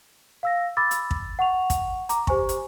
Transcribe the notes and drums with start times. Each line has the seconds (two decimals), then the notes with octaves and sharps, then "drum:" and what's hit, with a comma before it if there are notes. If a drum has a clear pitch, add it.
0.43 F5 E6 A#6
0.77 B5 D6 E6 A6
0.91 drum: hi-hat
1.11 drum: kick
1.39 F#5 C#6 F7
1.70 drum: kick, hi-hat
2.09 A#5 D6, drum: hi-hat
2.27 G4 C5 G#5 C#6, drum: kick
2.49 drum: hi-hat